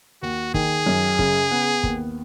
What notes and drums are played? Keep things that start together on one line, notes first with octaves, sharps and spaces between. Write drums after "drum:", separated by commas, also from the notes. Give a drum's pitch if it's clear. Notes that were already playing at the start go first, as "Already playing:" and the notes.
D#2 F#4
D#3 G#4, drum: kick
F#2
C#3, drum: kick
B3
D#2, drum: kick